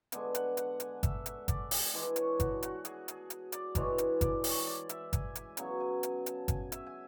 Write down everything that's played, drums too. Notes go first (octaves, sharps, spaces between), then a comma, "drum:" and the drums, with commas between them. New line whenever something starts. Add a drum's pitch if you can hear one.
D3 G#3 B3 D4 G#5, drum: hi-hat
F#5, drum: hi-hat
F#5, drum: hi-hat
G#5, drum: hi-hat
E5, drum: kick G1, hi-hat
E5, drum: hi-hat
D5, drum: kick G1, hi-hat
G#5, drum: open hi-hat
E3 G#3 D4 G#5
C#5, drum: hi-hat
F#4, drum: kick G1, hi-hat
F#4, drum: hi-hat
G#4, drum: hi-hat
G#4, drum: hi-hat
drum: hi-hat
D5, drum: hi-hat
E3 G#3 D4 C#5, drum: kick G1, hi-hat
drum: hi-hat
D5, drum: kick G1, hi-hat
C#5, drum: open hi-hat
D5
E5, drum: hi-hat
G#5, drum: kick G1, hi-hat
G#5, drum: hi-hat
C#3 F#3 B3 G#5, drum: hi-hat
G#5
G#5, drum: hi-hat
A5, drum: hi-hat
G#5, drum: kick G1, hi-hat
E5, drum: hi-hat
G#5